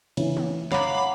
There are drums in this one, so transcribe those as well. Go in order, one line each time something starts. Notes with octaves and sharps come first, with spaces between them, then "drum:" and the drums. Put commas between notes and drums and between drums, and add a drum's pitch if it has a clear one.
C#3 E3, drum: cymbal
drum: tom
C#5 F5 F#5 A#5 B5 D6, drum: snare